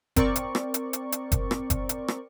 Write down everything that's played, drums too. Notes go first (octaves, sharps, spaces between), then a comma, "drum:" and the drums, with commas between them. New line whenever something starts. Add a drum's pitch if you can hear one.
C4 A#4 D5 C#6, drum: kick F#1, hi-hat
drum: hi-hat
drum: rim click
drum: hi-hat
drum: hi-hat
drum: hi-hat
drum: kick F#1, hi-hat
drum: rim click
drum: kick F#1, hi-hat
drum: hi-hat
drum: rim click